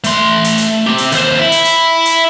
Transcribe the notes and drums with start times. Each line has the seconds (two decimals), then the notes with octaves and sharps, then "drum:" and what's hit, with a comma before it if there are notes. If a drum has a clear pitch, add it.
0.04 A3 C6, drum: hi-hat
0.44 drum: hi-hat
0.58 drum: hi-hat
0.87 C4 G4
0.98 drum: hi-hat
1.12 D#2 C5, drum: hi-hat
1.39 E4
1.52 drum: hi-hat
1.65 drum: hi-hat
2.05 drum: hi-hat